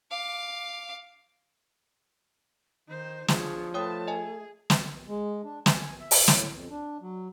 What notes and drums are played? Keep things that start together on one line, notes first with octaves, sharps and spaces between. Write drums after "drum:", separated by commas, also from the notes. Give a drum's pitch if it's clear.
F5 D6
D#3 D#4 C5
F3 D4 G#4 C#5, drum: snare
A3 B4 C#5 G5 A5 D#6
G#4 D#5 G#5
drum: snare
G#3
D4
G#5, drum: snare
E5
drum: open hi-hat
A2, drum: snare
F2
D4
F#3